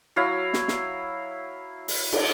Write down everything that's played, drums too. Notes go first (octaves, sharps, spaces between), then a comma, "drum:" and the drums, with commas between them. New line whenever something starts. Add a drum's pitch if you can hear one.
F#3 E4 F5
drum: snare
drum: snare
drum: open hi-hat
drum: cymbal